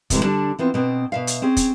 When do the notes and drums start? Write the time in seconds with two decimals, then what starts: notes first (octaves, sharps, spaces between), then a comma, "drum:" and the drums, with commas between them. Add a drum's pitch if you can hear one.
0.10 A2 C3 E3 F#3 G#3 A3, drum: kick, hi-hat
0.23 D3 G3 D4 A5
0.59 E3 B3 C4 F4
0.74 B2 B3 C4
1.12 B2 E5 F5
1.27 drum: hi-hat
1.42 C4 C#4 G#4
1.57 drum: kick, hi-hat